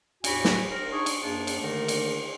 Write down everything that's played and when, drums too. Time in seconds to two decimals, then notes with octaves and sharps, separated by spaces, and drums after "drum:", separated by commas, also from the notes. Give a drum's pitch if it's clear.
0.24 E2 A2 F#4 G4 G#5 B5, drum: cymbal
0.45 drum: snare
0.70 A#4
0.92 D4 D#4 G#4 C#6
1.06 drum: cymbal
1.21 F#2 A#3 D4 G#4
1.47 drum: cymbal
1.61 D3 D#3 A3 A#3 D#4 A#4
1.88 drum: cymbal